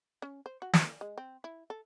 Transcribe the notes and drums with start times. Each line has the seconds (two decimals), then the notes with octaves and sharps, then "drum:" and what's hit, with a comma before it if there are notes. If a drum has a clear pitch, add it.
0.22 C#4
0.46 C5
0.62 F#4
0.73 D5, drum: snare
1.01 G#3
1.18 C4
1.44 E4
1.70 A4